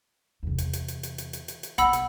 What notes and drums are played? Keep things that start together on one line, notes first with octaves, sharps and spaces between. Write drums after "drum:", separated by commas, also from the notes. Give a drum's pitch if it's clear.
E2 C3
drum: hi-hat
drum: hi-hat
drum: hi-hat
drum: hi-hat
drum: hi-hat
drum: hi-hat
drum: hi-hat
drum: hi-hat
B1 F#5 B5 E6, drum: hi-hat
drum: hi-hat